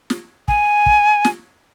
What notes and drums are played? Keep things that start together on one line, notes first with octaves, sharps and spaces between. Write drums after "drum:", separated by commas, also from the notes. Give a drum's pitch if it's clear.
drum: snare
G#5, drum: kick
drum: kick
drum: snare